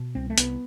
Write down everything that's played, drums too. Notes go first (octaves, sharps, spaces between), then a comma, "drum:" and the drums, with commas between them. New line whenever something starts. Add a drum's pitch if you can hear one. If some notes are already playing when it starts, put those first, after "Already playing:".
Already playing: B2
C2 C4
A3
C2 B3, drum: hi-hat